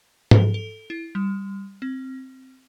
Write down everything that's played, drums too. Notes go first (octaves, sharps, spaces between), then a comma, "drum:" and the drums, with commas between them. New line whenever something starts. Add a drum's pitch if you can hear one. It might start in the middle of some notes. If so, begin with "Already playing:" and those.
A4, drum: tom G#2
A4
E4
G3
C4